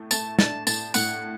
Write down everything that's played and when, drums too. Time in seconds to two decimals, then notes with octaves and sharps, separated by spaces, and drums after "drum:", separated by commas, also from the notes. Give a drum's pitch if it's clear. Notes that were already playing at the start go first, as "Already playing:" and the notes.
Already playing: A2 A3
0.11 A3 A5, drum: tambourine
0.39 D4 A5, drum: snare
0.67 A2 A5, drum: tambourine
0.94 A2 F#5, drum: tambourine